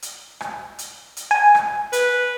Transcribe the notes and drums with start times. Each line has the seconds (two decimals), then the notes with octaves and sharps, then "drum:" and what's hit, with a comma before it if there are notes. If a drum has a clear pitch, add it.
0.02 drum: hi-hat
0.40 drum: rim click
0.79 drum: hi-hat
1.17 drum: hi-hat
1.31 G#5
1.55 drum: rim click
1.93 B4, drum: hi-hat